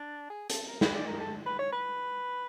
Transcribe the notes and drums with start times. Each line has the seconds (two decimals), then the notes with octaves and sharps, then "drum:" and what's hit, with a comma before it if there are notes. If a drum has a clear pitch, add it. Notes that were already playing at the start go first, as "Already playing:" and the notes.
Already playing: D4
0.30 G#4
0.50 A4, drum: hi-hat
0.68 A#4
0.81 B4, drum: snare
0.94 D5
1.07 A#4
1.20 A4
1.46 B4
1.59 C#5
1.72 B4